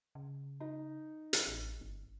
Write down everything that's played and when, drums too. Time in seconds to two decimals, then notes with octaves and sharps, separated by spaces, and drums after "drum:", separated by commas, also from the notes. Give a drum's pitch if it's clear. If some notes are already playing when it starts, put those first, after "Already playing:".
0.15 C#3
0.60 D#4
1.33 drum: hi-hat
1.47 A1
1.81 G1